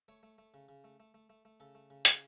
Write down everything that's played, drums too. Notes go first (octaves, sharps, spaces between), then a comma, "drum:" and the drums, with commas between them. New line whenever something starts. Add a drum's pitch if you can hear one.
A3 C#5
A3
A3
C#3
C#3
A3
A3
A3
A3
A3
C#3 A4
A3
C#3
C#3, drum: hi-hat